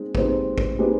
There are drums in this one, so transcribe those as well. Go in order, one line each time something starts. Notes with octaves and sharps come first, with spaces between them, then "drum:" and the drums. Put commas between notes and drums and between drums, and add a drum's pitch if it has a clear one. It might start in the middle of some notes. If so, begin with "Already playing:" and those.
Already playing: G#3 C4 D#4
G#3 C4 D#4 G4 B4, drum: kick
drum: kick
G#3 C4 D#4 G4 B4